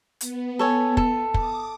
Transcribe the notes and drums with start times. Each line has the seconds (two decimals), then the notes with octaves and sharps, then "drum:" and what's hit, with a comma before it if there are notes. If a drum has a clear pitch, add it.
0.21 B3, drum: hi-hat
0.59 A4 C#5 G#5
0.97 A4, drum: kick
1.34 D6 D#6, drum: kick